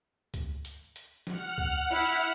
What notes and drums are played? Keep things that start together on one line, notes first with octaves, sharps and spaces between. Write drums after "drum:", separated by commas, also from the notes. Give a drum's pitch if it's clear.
drum: kick C#2, hi-hat
drum: hi-hat
drum: hi-hat
F#5 F6, drum: snare
drum: kick C#2
E4